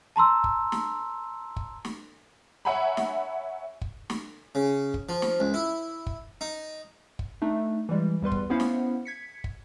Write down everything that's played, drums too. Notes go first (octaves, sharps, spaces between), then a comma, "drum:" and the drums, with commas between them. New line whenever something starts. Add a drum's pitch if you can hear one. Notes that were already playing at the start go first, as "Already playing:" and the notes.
A5 A#5 C6 E6
drum: kick
drum: snare
drum: kick
drum: snare
C#5 E5 F#5 G#5 A#5 B5
drum: snare
drum: kick
drum: snare
C#3
drum: kick
F3
drum: snare
C#2
E4
drum: kick
D#4
drum: kick
A3 D4 D#4
E3 G3 G#3
E2 G3 B4 C6
drum: kick
B3 C#4 E4 C5 F5 F#5
drum: snare
G#6 B6 C#7
drum: kick